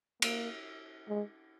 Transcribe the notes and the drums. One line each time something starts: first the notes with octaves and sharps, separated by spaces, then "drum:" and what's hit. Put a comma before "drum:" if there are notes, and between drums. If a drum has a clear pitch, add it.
A#3, drum: cymbal
G#3